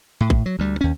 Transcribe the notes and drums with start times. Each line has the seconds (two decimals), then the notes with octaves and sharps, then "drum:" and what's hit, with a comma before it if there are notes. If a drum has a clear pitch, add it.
0.21 A2
0.30 drum: kick A1
0.46 F#3
0.59 D2 G3
0.81 D#2 C#4